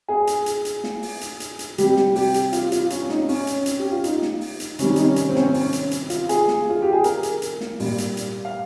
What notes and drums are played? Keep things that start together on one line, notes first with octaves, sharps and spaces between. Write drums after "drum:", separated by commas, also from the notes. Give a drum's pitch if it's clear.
G#4
drum: hi-hat
drum: hi-hat
drum: hi-hat
drum: snare
drum: open hi-hat
drum: hi-hat
drum: hi-hat
drum: hi-hat
C3 G3 G4, drum: hi-hat
drum: snare
G4, drum: open hi-hat
drum: hi-hat
F4, drum: hi-hat
F4, drum: hi-hat
C#4, drum: hi-hat
D#4, drum: snare
C#4, drum: open hi-hat
drum: hi-hat
drum: hi-hat
G4
F4
D#4, drum: hi-hat
drum: snare
drum: open hi-hat
drum: hi-hat
C3 D#3 G3 C#4, drum: hi-hat
D#4, drum: hi-hat
C#4
drum: hi-hat
C4
C#4, drum: snare
C4
C#4, drum: open hi-hat
drum: hi-hat
drum: hi-hat
F4, drum: hi-hat
G#4, drum: hi-hat
drum: snare
F4
G4
G#4
A#4, drum: hi-hat
drum: hi-hat
drum: hi-hat
drum: snare
A#2 G3, drum: open hi-hat
drum: hi-hat
drum: hi-hat
F5